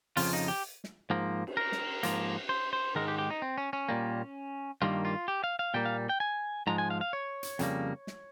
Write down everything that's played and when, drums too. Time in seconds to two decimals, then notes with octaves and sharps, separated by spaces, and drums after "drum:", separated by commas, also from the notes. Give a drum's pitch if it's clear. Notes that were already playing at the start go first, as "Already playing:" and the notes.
0.17 F2 C#3 F3 F4, drum: open hi-hat
0.33 D#4
0.48 G4
0.84 drum: snare
1.10 G#2 F3 A#3
1.47 drum: cymbal
1.57 A#4
1.72 drum: snare
2.03 G#2 F3 A#3, drum: hi-hat
2.49 C5
2.73 C5
2.95 G#2 D#3 G#3 A#4
3.08 G4
3.18 G4
3.30 D#4
3.42 C4
3.58 C#4
3.73 C#4
3.89 A#2 G3 A#3
4.82 G2 D#3 G3 A#3 F4
5.05 F4
5.28 G4
5.44 F5
5.59 F5
5.74 A#2 G3 A#3 G5
5.85 F5
6.09 G5
6.20 G#5
6.67 G#2 F3 G#3 A#5
6.78 G#5
6.90 F5
7.01 F5
7.13 C#5
7.43 drum: hi-hat
7.59 F2 C#3 G3 A#3, drum: hi-hat
8.07 drum: snare